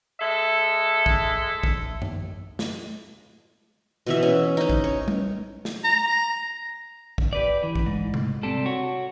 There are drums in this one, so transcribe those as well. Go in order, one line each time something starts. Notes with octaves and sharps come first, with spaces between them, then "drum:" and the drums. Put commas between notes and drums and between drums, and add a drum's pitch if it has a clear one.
G#3 A4 E5
drum: kick
drum: kick
drum: tom F#2
drum: snare
B2 E3 E5
C#4
C#4 D#4
drum: kick
C#5
drum: tom G3
drum: snare
A#5
drum: kick
G4 B4 D5
E3
drum: kick
G#2
drum: tom C3
C3 G3 D4 A4
F#4 C#5